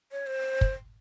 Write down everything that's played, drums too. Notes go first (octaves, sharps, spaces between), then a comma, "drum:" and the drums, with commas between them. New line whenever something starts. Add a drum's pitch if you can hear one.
C#5
C5
drum: kick